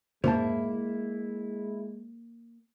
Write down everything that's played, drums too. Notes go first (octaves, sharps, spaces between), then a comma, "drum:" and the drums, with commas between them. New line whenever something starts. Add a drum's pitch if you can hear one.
G#3 A#3 E4 C5 A5, drum: tom